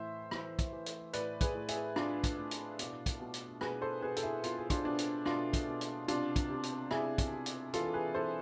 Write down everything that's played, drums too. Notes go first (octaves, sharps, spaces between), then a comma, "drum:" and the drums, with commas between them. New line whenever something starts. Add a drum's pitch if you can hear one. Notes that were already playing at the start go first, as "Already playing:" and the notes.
Already playing: A2 E3 C5 E5
E3, drum: rim click
drum: kick, hi-hat
E3
drum: hi-hat
A2 B4 D5, drum: hi-hat
G#4 B4, drum: kick, hi-hat
A2
E4 G#4, drum: hi-hat
A2 D4 F4, drum: rim click
drum: kick, hi-hat
A2
drum: hi-hat
B2, drum: hi-hat
drum: kick, hi-hat
B2
drum: hi-hat
B2 G#4 B4, drum: rim click
A4 C5
B2 G#4 B4
A4, drum: hi-hat
E4 G#4
B2 F4, drum: hi-hat
G#4
D4 F4, drum: kick, hi-hat
B2 D4
drum: hi-hat
B2 D4 F4, drum: rim click
drum: kick, hi-hat
B2
drum: hi-hat
C3 D4 F4, drum: hi-hat
drum: kick, hi-hat
C3
drum: hi-hat
C3 E4 G#4, drum: rim click
drum: kick, hi-hat
C3
drum: hi-hat
E3 F4 A4, drum: hi-hat
A4
G#4 B4
E3 A4 C5